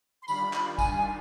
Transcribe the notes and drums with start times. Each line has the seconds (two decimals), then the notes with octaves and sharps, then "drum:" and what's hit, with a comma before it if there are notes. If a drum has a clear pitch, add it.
0.21 C6
0.28 D#3 G3 D4 F4 B5, drum: tambourine
0.53 drum: clap
0.79 G#5, drum: kick, tambourine
0.96 G#5